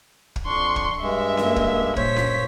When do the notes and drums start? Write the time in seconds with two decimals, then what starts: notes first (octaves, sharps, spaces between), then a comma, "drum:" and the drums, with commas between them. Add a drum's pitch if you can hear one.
0.36 drum: kick
0.45 F2 D4 C6 C#6
0.76 drum: kick
1.02 G2 G#3 E5
1.37 F#2 A#3, drum: snare C#4
1.56 drum: kick
1.96 G2 A#2 C5 C#5 B6, drum: kick
2.17 drum: snare C#4